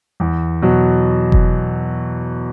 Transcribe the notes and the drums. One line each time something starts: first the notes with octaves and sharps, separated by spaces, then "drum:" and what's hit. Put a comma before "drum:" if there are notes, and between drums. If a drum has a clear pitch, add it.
E2
B2 F#3
drum: kick F1